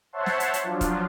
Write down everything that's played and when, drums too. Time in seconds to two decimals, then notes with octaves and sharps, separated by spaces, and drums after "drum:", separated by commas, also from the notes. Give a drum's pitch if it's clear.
0.13 C5 C#5 E5 F#5 A5 C6
0.26 drum: snare
0.40 drum: hi-hat
0.54 drum: hi-hat
0.63 F3 F#3 D4 F4
0.81 drum: kick, hi-hat